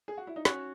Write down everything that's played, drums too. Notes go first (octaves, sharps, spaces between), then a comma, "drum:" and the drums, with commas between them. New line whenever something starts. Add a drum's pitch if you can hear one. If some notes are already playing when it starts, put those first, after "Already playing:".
G#4
F#4
E4
D#4
C#4 F#4, drum: snare